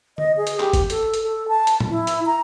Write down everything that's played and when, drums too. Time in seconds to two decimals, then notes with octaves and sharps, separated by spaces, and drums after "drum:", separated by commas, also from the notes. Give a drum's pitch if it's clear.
0.18 D#5, drum: tom D3
0.37 G#4
0.47 drum: hi-hat
0.60 G4, drum: clap
0.73 drum: kick, hi-hat
0.90 A4, drum: hi-hat
1.14 drum: hi-hat
1.23 A4
1.48 A5
1.67 drum: hi-hat
1.80 drum: tom A2
1.90 E4
2.07 drum: hi-hat
2.26 A#5